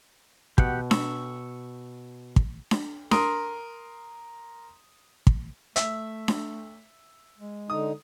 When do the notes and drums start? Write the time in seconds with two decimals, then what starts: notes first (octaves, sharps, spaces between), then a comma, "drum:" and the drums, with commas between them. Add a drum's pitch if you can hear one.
0.58 B2 G4 F#5, drum: kick
0.91 C#6 E6, drum: snare D4
2.36 drum: kick
2.71 drum: snare D4
3.11 A#4 C6 D#6, drum: snare D4
5.27 drum: kick
5.76 A3 E5, drum: hi-hat
6.28 drum: snare D4
7.38 G#3
7.70 D3 D#4 D#6